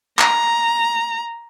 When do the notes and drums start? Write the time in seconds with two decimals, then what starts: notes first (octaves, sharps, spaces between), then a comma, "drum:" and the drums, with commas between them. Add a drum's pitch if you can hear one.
0.19 A#5, drum: clap